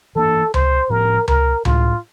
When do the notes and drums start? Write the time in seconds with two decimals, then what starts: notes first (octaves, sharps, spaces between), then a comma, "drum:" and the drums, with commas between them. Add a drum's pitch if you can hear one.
0.16 E3 A#3 D4 A4
0.54 C5, drum: tom C#2
0.90 A2 F3 C4 A#4
1.28 A#4, drum: tom C#2
1.65 A2 G3 A#3 D4 F4, drum: tom C#2